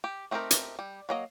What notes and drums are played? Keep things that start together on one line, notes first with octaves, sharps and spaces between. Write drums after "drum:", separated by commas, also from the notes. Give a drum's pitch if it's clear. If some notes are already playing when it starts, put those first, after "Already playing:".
G4
A3 C4 D#4 G4 A#4
drum: hi-hat
G3
F#3 A#3 D#5